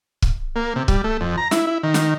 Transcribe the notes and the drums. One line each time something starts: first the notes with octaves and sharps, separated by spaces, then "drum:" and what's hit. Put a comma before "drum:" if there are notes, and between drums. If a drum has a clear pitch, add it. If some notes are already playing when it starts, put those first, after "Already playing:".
drum: kick
A#3
C3
G3, drum: kick
A3
F2
A#5
E4, drum: snare
E4
D#3
drum: snare